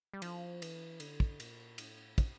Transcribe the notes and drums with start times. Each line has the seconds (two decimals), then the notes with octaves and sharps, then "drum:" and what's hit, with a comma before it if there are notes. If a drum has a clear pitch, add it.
0.13 G3
0.22 F3, drum: cymbal
0.62 E3, drum: cymbal
1.00 D3, drum: cymbal
1.20 drum: kick
1.40 A#2, drum: cymbal
1.78 A2, drum: cymbal
2.18 C3, drum: kick, cymbal